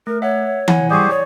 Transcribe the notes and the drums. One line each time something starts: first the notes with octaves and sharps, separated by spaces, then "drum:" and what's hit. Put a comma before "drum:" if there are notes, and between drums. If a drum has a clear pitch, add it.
A3 A#4
C#5 E5 F#5
E4 F#5 G#5, drum: tom E3
G3 G4 G#4 C5 D5 C#6
C#5